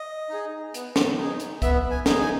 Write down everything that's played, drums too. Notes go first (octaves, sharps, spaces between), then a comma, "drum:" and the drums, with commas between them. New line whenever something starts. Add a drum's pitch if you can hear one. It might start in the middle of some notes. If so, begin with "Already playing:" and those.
Already playing: D#5
D#4 G#4
B3, drum: hi-hat
drum: snare
D#4 G#4
drum: hi-hat
B3 E5, drum: kick, hi-hat
G#5
D#4 G#4, drum: snare
G#5